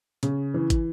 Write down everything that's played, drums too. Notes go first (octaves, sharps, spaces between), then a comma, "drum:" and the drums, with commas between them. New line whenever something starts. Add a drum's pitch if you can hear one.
C#3, drum: hi-hat
E3
drum: kick, hi-hat